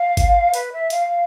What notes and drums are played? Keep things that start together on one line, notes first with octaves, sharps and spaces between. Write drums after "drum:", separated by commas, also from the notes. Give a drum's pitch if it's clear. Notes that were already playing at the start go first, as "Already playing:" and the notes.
Already playing: F5
drum: kick G#1, hi-hat
B4, drum: hi-hat
E5
F5, drum: hi-hat